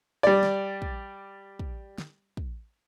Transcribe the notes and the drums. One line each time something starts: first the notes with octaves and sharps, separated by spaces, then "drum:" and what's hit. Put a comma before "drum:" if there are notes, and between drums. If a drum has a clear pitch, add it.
G3 D5
drum: snare
drum: kick
drum: kick
drum: snare
drum: kick